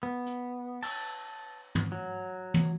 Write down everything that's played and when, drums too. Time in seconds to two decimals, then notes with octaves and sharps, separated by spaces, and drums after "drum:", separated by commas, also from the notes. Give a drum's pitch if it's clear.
0.03 B3
0.26 drum: hi-hat
0.83 A5, drum: cymbal
1.75 drum: tom
1.92 F#3
2.54 drum: tom